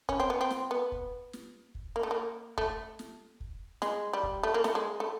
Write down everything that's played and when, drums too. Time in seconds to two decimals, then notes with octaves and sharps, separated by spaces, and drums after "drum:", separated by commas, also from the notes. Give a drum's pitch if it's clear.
0.09 C#4, drum: kick
0.20 C4
0.30 B3
0.41 C4
0.50 drum: snare
0.71 B3
0.92 drum: kick
1.33 drum: snare
1.75 drum: kick
1.96 A#3
2.03 A3
2.11 A#3
2.58 A3, drum: kick
2.99 drum: snare
3.40 drum: kick
3.82 G#3, drum: snare
4.13 G3
4.23 drum: kick
4.43 A3
4.54 A#3
4.64 A3, drum: snare
4.75 G#3
5.00 A3